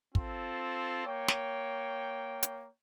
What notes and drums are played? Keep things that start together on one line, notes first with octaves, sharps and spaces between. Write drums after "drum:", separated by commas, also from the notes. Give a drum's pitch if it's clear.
C4 F4 A4, drum: kick
A#3 C#5 G5
drum: snare
drum: hi-hat